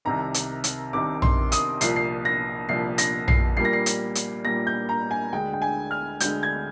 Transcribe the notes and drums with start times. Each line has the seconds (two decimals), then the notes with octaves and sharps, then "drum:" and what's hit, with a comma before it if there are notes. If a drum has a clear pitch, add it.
0.05 C2 C3 D#3 A#5
0.34 drum: hi-hat
0.64 drum: hi-hat
0.93 C2 C3 D#3 D6
1.22 C6, drum: tom A#1
1.52 D#6, drum: hi-hat
1.81 C2 A#2 F3 C7, drum: hi-hat
1.96 C7
2.25 A#6
2.69 C2 A#2 F3 C7
2.98 A#6, drum: hi-hat
3.28 C7, drum: tom A#1
3.57 A#2 G3 A#3 C7
3.65 A#6
3.73 C7
3.86 drum: hi-hat
4.15 drum: hi-hat
4.45 A#2 G3 A#3 A#6
4.67 G6
4.89 A#5
5.11 G#5
5.32 D2 D3 G#3 G5
5.53 G5
5.62 G#5
5.91 F6
6.20 D2 D3 G#3 G6, drum: hi-hat
6.43 G#6